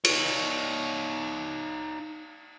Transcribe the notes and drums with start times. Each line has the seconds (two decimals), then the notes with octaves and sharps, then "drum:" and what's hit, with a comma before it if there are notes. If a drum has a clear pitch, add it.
0.05 D#4 C#5, drum: cymbal